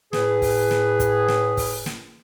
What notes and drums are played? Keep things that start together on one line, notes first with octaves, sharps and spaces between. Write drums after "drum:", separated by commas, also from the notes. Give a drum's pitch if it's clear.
A2 G#4 B4, drum: snare
drum: kick, open hi-hat
drum: snare
drum: kick, hi-hat
drum: snare
drum: kick, open hi-hat
drum: snare